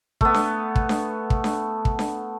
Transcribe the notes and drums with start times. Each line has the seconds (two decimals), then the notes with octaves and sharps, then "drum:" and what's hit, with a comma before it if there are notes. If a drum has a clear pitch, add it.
0.21 A3 B3, drum: kick
0.34 drum: snare D4
0.75 drum: kick
0.89 drum: snare D4
1.30 drum: kick
1.44 drum: snare D4
1.85 drum: kick
1.99 drum: snare D4